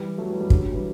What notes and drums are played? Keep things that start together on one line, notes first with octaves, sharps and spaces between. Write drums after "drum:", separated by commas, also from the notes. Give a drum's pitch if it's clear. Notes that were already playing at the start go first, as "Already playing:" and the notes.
Already playing: E3 G3
F#3 A3
E3 G3
E3 G3
D3 F#3, drum: kick
E3 G3